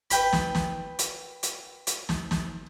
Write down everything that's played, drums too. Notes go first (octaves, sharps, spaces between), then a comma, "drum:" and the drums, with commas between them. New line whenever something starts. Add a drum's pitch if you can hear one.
B4 G5 B5, drum: hi-hat
drum: snare
drum: snare
drum: hi-hat
drum: hi-hat
drum: hi-hat
drum: snare
drum: snare